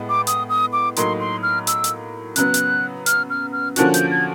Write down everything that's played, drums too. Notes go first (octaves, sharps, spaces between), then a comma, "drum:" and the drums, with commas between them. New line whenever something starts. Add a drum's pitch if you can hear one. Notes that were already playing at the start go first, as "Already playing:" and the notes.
Already playing: A2 G#3 B3
D6
D#6, drum: hi-hat
D#6
D6
A2 F#3 A#3 D#4 C6, drum: hi-hat
C6
F6
E6, drum: hi-hat
drum: hi-hat
C#3 F#3 B3 F#6, drum: hi-hat
drum: hi-hat
F6, drum: hi-hat
F6
F6
D3 F3 A#3 C#4 F#4 F#6, drum: hi-hat
G6, drum: hi-hat
G#6